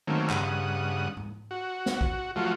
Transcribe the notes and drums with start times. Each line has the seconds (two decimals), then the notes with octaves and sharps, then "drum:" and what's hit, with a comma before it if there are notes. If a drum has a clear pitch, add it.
0.07 D#3 F#3 A3 A#3 C4 C#4
0.30 G2 C#3 F#5 D#6, drum: clap
1.17 drum: tom G#2
1.51 F#4
1.86 drum: snare
2.01 drum: kick
2.36 F3 F#3 A3 F4 F#4